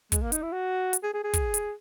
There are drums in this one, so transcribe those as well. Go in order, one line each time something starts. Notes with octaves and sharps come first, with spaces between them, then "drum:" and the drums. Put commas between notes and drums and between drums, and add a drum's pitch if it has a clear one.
G#3, drum: kick, hi-hat
A#3
D#4, drum: hi-hat
E4
F#4
drum: hi-hat
G#4
G#4
G#4
drum: kick, hi-hat
drum: hi-hat